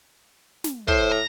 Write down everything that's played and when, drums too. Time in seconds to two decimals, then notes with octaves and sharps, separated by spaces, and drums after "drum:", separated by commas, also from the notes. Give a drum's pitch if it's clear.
0.64 drum: snare
0.88 A2 C5, drum: kick
1.12 A#5